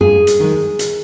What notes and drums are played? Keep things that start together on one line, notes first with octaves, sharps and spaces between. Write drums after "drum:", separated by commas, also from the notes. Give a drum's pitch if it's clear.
G2 G#4
drum: hi-hat
D#3 G#3
drum: hi-hat